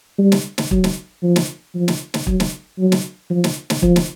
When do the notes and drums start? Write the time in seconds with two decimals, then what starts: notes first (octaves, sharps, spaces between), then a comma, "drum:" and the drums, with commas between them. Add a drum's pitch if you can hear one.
0.19 G3
0.32 drum: snare
0.58 drum: snare
0.71 F#3, drum: kick
0.84 drum: snare
1.23 F3
1.36 drum: snare
1.75 F3
1.88 drum: snare
2.14 drum: snare
2.27 F#3, drum: kick
2.40 drum: snare
2.79 F#3
2.92 drum: snare
3.30 F3
3.44 drum: snare
3.70 drum: snare
3.83 F3, drum: kick
3.96 drum: snare